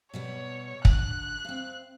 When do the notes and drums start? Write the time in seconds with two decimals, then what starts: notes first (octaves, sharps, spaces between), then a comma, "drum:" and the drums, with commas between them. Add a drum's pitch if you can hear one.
0.14 B2 G3 B3 C#5
0.85 D3 F#6, drum: kick
1.45 C4 F5